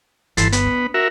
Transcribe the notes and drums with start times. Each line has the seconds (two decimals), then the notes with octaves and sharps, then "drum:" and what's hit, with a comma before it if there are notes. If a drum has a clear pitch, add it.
0.37 G1 E3 A4 C6, drum: hi-hat
0.52 B3, drum: hi-hat
0.66 D4
0.94 F#4 A#4 E5